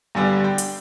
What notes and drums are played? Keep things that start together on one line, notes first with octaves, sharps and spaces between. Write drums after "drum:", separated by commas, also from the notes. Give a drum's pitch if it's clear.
G2 D3 G3 B3 G#5
G5
drum: hi-hat